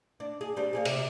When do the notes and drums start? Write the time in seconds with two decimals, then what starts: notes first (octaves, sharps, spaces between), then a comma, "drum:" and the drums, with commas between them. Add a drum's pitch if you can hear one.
0.20 D4
0.41 G#4
0.57 G3 C4 D4
0.73 A#3 C#4 G#4
0.85 C3, drum: cymbal